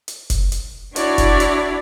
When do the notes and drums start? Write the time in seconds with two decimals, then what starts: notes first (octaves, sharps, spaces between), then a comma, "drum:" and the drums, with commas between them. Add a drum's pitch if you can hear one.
0.08 drum: hi-hat
0.30 drum: kick F1, hi-hat
0.52 drum: hi-hat
0.96 D4 E4 F#4 C#5 D5, drum: hi-hat
1.18 drum: kick F1, hi-hat
1.40 drum: hi-hat